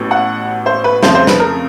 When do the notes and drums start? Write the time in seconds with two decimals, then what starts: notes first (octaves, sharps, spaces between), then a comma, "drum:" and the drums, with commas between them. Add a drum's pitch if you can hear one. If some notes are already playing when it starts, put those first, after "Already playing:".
Already playing: A1 A2 F#3 B3
0.11 F#5
0.66 C5
0.84 B4
1.03 F2 C#3 F3 A3 C5, drum: snare
1.15 C5
1.27 B4, drum: snare
1.40 A#4